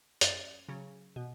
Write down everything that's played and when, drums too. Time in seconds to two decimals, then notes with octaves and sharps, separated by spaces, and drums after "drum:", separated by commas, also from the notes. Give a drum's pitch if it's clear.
0.21 F#2 D5, drum: hi-hat
0.68 C#3 F#3
1.16 B2